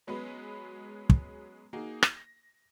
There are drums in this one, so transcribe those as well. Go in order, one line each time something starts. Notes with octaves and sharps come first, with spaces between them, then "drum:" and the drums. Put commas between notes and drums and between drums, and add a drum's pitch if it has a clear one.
F#3 G#3 B3 C#4 B4
drum: kick
A#3 D#4 F#4 G#4
A#6, drum: rim click